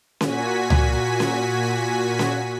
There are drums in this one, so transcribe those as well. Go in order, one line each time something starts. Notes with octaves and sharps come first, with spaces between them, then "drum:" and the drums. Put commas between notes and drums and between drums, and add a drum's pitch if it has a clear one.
A#2 F#4 G#5 B6, drum: snare C#4
drum: tom C#2
drum: snare C#4
drum: snare C#4